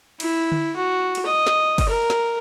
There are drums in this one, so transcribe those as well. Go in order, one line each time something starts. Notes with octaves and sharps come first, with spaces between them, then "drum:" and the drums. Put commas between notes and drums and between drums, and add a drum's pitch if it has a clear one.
E4, drum: cymbal
drum: tom D3
F#4
drum: cymbal
D#5
drum: snare
drum: kick, cymbal
A#4
drum: snare